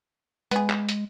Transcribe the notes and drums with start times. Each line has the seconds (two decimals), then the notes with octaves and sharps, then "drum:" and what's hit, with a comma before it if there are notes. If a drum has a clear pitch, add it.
0.51 G#3 B3 G#4, drum: hi-hat
0.70 drum: clap
0.89 drum: hi-hat